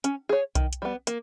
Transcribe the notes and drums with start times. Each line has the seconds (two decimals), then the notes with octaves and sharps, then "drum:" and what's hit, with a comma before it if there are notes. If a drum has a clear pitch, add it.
0.04 C#4, drum: hi-hat
0.29 G#4 C#5
0.55 D#3, drum: kick B1, hi-hat
0.73 drum: hi-hat
0.82 G3 B3
1.07 A#3, drum: hi-hat